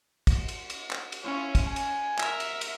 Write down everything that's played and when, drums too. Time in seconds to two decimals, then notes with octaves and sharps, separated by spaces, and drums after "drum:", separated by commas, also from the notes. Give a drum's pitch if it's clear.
0.27 drum: kick, cymbal
0.48 drum: cymbal
0.70 drum: cymbal
0.91 drum: clap
1.12 drum: cymbal
1.24 C#4 E4 F4 C#5
1.55 drum: kick, cymbal
1.67 G#5
1.76 drum: cymbal
2.19 A#4 E5, drum: clap
2.40 drum: cymbal
2.61 drum: cymbal